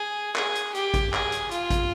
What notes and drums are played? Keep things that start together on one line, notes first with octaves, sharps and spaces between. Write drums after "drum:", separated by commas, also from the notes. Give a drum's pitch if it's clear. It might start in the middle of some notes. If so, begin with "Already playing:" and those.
Already playing: G#4
G#4, drum: clap
drum: hi-hat
G4, drum: hi-hat
drum: kick, hi-hat
G#4, drum: clap
drum: hi-hat
F4, drum: hi-hat
drum: kick, hi-hat